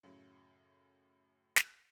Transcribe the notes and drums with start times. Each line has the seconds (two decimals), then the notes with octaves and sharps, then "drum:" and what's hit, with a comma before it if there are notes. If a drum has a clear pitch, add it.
0.03 F#2 A2 C#3 F#3
1.56 drum: snare